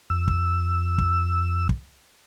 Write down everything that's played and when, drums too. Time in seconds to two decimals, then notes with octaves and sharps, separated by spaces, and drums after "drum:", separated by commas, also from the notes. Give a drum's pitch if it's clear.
0.10 F2 E6
0.28 drum: kick
0.98 drum: kick
1.69 drum: kick